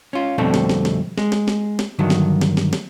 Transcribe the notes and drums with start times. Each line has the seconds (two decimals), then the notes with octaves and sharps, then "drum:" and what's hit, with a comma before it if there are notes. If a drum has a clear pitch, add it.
0.13 C#4 F4
0.38 F2 B2 D3 G3 A3 C4
0.54 drum: snare
0.69 drum: snare
0.85 drum: snare
1.18 G#3, drum: snare
1.32 drum: snare
1.48 drum: snare
1.79 drum: snare
1.99 G2 D3 D#3 F#3
2.10 drum: snare
2.41 drum: snare
2.57 drum: snare
2.73 drum: snare